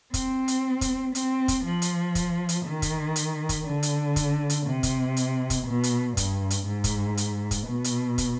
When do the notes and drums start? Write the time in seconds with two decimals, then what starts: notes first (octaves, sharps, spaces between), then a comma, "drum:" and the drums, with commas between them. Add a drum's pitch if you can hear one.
0.14 C4, drum: kick, hi-hat
0.48 drum: hi-hat
0.81 drum: kick, hi-hat
1.15 C4, drum: hi-hat
1.48 drum: kick, hi-hat
1.65 F3
1.82 drum: hi-hat
2.15 drum: kick, hi-hat
2.49 drum: hi-hat
2.65 D#3
2.82 drum: kick, hi-hat
3.16 drum: hi-hat
3.49 drum: kick, hi-hat
3.65 D3
3.83 drum: hi-hat
4.16 drum: kick, hi-hat
4.50 drum: hi-hat
4.66 C3
4.83 drum: kick, hi-hat
5.17 drum: hi-hat
5.50 drum: kick, hi-hat
5.66 B2
5.83 drum: hi-hat
6.17 G2, drum: kick, hi-hat
6.50 drum: hi-hat
6.67 G#2
6.84 drum: kick, hi-hat
7.17 drum: hi-hat
7.51 drum: kick, hi-hat
7.68 B2
7.84 drum: hi-hat
8.18 drum: kick, hi-hat